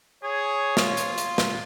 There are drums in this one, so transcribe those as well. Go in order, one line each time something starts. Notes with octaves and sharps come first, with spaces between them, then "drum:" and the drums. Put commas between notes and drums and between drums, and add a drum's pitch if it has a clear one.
G#4 C#5
F4, drum: snare
drum: hi-hat
drum: hi-hat
drum: snare